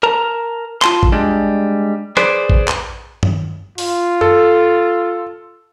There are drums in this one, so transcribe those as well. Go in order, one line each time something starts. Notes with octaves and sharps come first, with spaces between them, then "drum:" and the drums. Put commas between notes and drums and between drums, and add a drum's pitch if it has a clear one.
A#4 A5 A#5
F4 A5 C6, drum: clap
drum: kick A1
G3 G#3 D4
G#4 B4 C5 D5, drum: rim click
drum: kick A1
drum: clap
drum: tom G2
F4, drum: open hi-hat
A4, drum: tom F#2